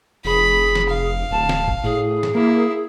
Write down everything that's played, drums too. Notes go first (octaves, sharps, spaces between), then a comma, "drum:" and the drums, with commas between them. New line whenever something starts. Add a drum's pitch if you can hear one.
F1 G#4 B5
drum: snare
F5
D1 A5
drum: snare
drum: kick G1
A2 G#4
drum: snare
A#3 E4